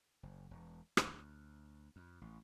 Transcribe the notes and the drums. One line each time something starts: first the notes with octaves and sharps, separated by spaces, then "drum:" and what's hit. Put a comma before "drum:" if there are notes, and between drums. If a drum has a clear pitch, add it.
F#1
E1
D2, drum: rim click
F2
A1